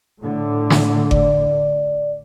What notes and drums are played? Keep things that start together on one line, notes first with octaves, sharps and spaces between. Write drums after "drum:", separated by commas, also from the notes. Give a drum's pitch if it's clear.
A2 D3
drum: snare
D5, drum: kick G1